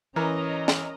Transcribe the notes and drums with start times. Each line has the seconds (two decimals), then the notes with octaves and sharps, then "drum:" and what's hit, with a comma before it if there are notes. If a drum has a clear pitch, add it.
0.16 E3 C#4 A#4 D#5 A#5
0.68 drum: snare